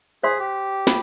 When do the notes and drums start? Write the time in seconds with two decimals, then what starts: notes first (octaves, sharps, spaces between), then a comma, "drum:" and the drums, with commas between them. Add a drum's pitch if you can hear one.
0.23 G#4 C5 F5 C6
0.39 G4
0.87 F4, drum: snare